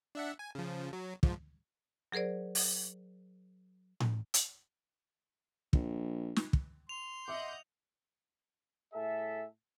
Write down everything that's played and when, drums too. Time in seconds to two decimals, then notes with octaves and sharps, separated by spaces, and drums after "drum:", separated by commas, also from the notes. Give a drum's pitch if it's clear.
0.15 D4 E5 F#5
0.39 G#5
0.55 C#3 F3
0.93 F#3
1.23 G#2 F3, drum: kick
2.12 F#3 G#4 A#4 C5 D5
2.55 drum: open hi-hat
4.00 drum: tom A2
4.34 drum: hi-hat
5.73 A#1, drum: kick
6.36 drum: snare
6.53 drum: kick
6.89 C6 F7
7.28 D#5 E5 F#5 D6 G6
8.94 A2 G#4 A4 E5